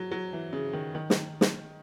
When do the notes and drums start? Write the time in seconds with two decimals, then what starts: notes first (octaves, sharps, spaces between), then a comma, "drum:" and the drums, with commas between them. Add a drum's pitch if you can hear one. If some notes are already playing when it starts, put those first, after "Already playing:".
Already playing: F#3
0.12 F#3
0.33 E3
0.53 C#3
0.73 D#3
0.95 D#3
1.10 drum: snare
1.41 drum: snare